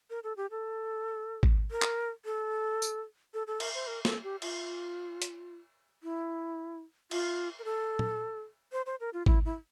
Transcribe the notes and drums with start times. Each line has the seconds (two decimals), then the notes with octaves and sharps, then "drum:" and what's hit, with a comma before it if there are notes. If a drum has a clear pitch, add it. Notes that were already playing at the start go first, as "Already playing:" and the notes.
0.10 A#4
0.24 A4
0.37 G4
0.51 A4
1.43 drum: kick
1.71 A#4
1.82 drum: clap
2.25 A4
2.82 drum: tambourine
3.34 A4
3.47 A4
3.60 A#4, drum: cymbal
3.75 C5
3.87 A#4
4.05 A4, drum: snare
4.24 G4
4.42 F4, drum: cymbal
5.22 drum: hi-hat
6.03 E4
7.11 F4, drum: cymbal
7.59 A#4
7.64 A4
7.99 drum: tom
8.72 C5
8.86 C5
9.00 A#4
9.14 F4
9.26 E4, drum: kick
9.45 E4